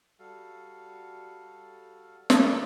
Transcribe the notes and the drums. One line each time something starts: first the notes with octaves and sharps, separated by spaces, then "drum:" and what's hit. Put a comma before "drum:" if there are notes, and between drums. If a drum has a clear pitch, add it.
G3 F#4 A4 F5
drum: snare